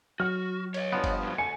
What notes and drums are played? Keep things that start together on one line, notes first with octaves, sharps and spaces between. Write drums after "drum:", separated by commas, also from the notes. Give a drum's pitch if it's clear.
F#3 F#4 F6
C#5 D#5, drum: cymbal
G2 F3 B3
drum: kick F#1, cymbal
D2 F#3
D2 G#5 C#7